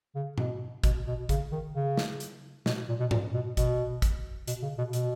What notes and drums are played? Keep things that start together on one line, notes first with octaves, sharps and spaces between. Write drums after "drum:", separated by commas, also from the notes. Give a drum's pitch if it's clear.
C#3
B2, drum: tom G#2
B2, drum: kick, hi-hat
B2
C#3, drum: kick, hi-hat
D#3
C#3
drum: snare
drum: hi-hat
B2, drum: snare
A#2
B2
A#2, drum: tom G#2
B2
B2, drum: kick, hi-hat
drum: kick, hi-hat
B2, drum: hi-hat
C#3
B2
B2, drum: hi-hat